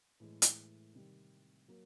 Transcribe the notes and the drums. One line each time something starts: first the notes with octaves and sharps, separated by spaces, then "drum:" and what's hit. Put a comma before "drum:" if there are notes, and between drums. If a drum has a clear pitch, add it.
A2 E3 G#3
drum: hi-hat
C3 D#3 G3
F#3 A#3